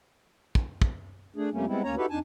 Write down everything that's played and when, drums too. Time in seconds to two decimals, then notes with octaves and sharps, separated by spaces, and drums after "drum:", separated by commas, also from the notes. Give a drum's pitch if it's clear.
0.55 drum: kick
0.82 drum: kick
1.36 A3 D4 G#4
1.52 F2 C3 G3 A3 A#3 C#4
1.66 G3 G#3 B3 C4 E4
1.84 D2 A#3 C#4 C#5 A#5
1.97 D#4 E4 F#4 G4 A4 B4
2.10 F2 D4 D#4 G#5 A5